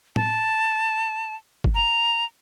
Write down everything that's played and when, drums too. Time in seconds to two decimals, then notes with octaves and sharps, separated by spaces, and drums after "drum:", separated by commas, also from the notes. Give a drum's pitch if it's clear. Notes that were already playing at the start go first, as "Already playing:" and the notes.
0.16 A5, drum: tom A2
1.64 drum: kick
1.75 A#5